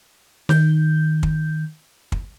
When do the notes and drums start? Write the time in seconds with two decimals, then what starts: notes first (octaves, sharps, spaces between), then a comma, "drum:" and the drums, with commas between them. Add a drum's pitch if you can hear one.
0.49 D#3 G6, drum: snare
1.23 drum: kick
2.12 drum: kick